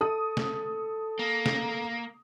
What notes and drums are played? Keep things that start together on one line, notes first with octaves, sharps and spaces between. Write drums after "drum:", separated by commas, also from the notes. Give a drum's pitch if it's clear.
A4 D#6
drum: snare
A#3
drum: snare